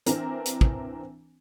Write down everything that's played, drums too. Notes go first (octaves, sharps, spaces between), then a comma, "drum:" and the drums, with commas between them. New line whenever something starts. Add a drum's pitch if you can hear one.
E3 C4 D4 A#4, drum: hi-hat
drum: hi-hat
drum: kick